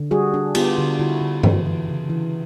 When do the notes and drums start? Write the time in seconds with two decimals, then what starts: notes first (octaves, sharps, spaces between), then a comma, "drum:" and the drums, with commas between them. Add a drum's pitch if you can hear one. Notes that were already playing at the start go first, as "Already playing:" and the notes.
Already playing: D3
0.11 G3 F#4 G#4
0.34 D4
0.55 B3 F4 G4, drum: cymbal
0.78 D3
0.99 D3 E4 F#4
1.21 D3
1.43 E3, drum: tom G2
1.66 E3
1.88 C#3
2.10 E3